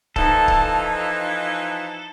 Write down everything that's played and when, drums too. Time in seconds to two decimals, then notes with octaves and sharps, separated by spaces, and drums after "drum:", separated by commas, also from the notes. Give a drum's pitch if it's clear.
0.16 E3 F3 D#4 A4, drum: kick C#1
0.48 drum: kick C#1